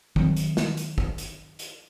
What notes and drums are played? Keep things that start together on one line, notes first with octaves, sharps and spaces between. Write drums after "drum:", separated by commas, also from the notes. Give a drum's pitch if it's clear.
D#3 F#3 C4, drum: kick
drum: hi-hat
drum: snare
drum: hi-hat
drum: kick
drum: hi-hat
drum: hi-hat